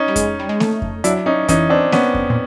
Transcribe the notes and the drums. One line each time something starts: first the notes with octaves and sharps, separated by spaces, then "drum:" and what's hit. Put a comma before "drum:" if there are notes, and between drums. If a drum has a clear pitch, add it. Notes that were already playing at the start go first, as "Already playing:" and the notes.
Already playing: C#4 D#4
G3
G#3, drum: kick F2, hi-hat
G3
G#3
A3, drum: snare A#3
drum: kick F2
F#3 D4 E4, drum: hi-hat
C#4 D#4
E3 C#4 D#4, drum: kick F2, hi-hat
C4 D4
B3 C#4, drum: snare A#3
drum: kick F2
A#2